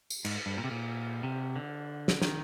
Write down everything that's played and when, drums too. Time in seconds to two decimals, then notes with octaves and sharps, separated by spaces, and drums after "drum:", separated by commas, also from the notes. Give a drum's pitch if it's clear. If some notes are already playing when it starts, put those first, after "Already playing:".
0.10 drum: tambourine
0.25 G#2, drum: cymbal
0.46 G2
0.58 A#2
0.64 C3
0.71 A#2
1.23 C3
1.56 D3
2.08 drum: snare
2.22 D#3, drum: snare